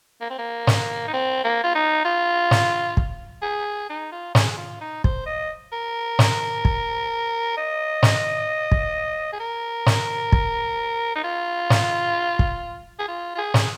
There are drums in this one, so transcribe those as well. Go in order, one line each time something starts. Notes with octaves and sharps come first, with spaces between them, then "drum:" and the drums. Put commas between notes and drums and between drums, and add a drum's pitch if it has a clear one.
A#3
C4
A#3
drum: snare
D#4
C4
A#3
F4
D#4
F4
drum: snare
drum: kick
G#4
D#4
F4
G#4, drum: snare
G#4
F4
D#4
C5, drum: kick
D#5
A#4
drum: snare
drum: kick
D#5
drum: snare
drum: kick
G#4
A#4
drum: snare
drum: kick
D#4
F4
drum: snare
drum: kick
G#4
F4
F4
G#4
drum: snare